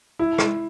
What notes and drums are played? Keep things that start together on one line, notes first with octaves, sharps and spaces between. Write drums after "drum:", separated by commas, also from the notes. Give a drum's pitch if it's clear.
E4
drum: rim click